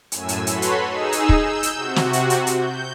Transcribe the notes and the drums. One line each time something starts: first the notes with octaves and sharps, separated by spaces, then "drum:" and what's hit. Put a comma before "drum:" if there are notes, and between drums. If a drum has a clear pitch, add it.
F#2 A2 G#5 E6, drum: hi-hat
drum: hi-hat
F#4 A4 B4 C#5 B5 C6, drum: hi-hat
drum: hi-hat
D#4 G#4 E6
drum: hi-hat
drum: kick
E6 G6
drum: hi-hat
C3 F#4
drum: snare
drum: hi-hat
drum: hi-hat
drum: hi-hat
G6